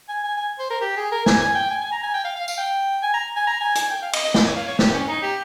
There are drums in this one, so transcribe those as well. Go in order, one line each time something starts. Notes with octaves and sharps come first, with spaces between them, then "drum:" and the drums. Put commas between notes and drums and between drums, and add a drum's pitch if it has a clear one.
G#5
G#5
G#5
C5
A#4
G4
G#4
A#4
G#5, drum: snare
G#5
G5
G#5
G#5
A#5
G#5
G5
F5
F5
F5, drum: tambourine
G5
G#5
A#5
G#5
A#5
G#5
G#5, drum: hi-hat
G5
F5
D#5, drum: cymbal
D#5
D#5, drum: snare
C#5
F5
C#5
G4, drum: snare
C#4
D#4
G4